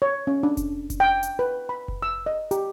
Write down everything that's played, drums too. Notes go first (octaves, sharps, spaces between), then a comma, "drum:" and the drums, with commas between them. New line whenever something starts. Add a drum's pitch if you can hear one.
C#5
C#4
D4
drum: kick F1, hi-hat
drum: kick F1, hi-hat
G5
drum: hi-hat
B4
B5
drum: kick F1
E6
D#5
G4, drum: hi-hat